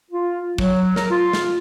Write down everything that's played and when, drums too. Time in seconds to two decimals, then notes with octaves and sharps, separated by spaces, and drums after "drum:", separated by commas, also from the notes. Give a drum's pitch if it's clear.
0.11 F4
0.58 F#3, drum: kick
0.96 A#4, drum: snare
1.11 F4
1.33 drum: snare